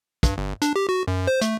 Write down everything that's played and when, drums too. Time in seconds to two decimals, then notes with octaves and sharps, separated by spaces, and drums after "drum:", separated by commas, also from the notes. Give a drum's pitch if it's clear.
0.23 G2, drum: kick, hi-hat
0.38 G1
0.62 D4, drum: hi-hat
0.76 G4
0.89 F#4
1.08 F#2
1.27 C5
1.41 A3, drum: hi-hat